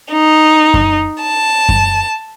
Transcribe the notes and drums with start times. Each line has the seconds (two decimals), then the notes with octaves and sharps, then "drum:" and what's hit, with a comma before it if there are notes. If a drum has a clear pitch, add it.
0.12 D#4
0.74 drum: kick F#2
1.21 A5
1.69 drum: kick F#2